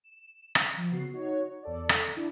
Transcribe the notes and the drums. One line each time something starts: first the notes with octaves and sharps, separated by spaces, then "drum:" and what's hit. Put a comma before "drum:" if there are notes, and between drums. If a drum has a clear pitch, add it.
E7
drum: rim click
F3
C#3 B3 F#4 C7
D#4 F#4 C#5
E2 A4 D5
drum: rim click
D4 E4